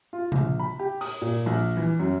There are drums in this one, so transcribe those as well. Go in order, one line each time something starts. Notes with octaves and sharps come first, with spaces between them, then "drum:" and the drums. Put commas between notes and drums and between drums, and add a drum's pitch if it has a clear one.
F4
A#1, drum: tom C3
B5
G4
D#6, drum: open hi-hat
A#2
A#1
E3
F#2